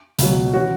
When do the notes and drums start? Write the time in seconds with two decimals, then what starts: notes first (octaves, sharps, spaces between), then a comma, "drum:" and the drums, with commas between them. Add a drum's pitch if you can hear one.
0.18 C#2 B2 F#3, drum: hi-hat
0.53 E3 C#4 F#4